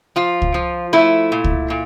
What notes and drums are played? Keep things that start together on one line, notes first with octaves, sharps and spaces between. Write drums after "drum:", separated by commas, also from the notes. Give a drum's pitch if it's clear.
F3 F4
drum: kick C#2
F3
A3 E4
A#2
drum: kick C#2
A#2